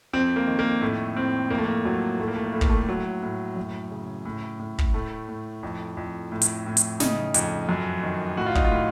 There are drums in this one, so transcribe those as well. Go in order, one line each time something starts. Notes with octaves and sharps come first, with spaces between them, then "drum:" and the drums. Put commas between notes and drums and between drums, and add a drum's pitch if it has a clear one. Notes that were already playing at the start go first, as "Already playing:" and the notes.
F2 C4
A#3
D#3
A#3
A2 A3
A2 C4
F2 A#3
A3
A#3
F2 F#3
A2 A3
A#3
A3
A#3
A2 A3
A#3, drum: kick
A3
A2 F#3
A2
F#2
C#3
A2
A2
drum: kick
A2 A3
A2
F2
F2
A2
drum: hi-hat
A2
drum: hi-hat
C#3 D#4, drum: snare
F2, drum: hi-hat
F#2
D#3
A2 F#4
F4
D#4, drum: kick
F4
A2